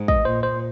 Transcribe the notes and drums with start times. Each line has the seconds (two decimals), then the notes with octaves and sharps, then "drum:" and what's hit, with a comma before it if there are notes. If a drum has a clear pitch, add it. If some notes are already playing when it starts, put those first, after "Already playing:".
Already playing: G#2
0.08 D#5, drum: kick
0.25 A#2 C5
0.43 C5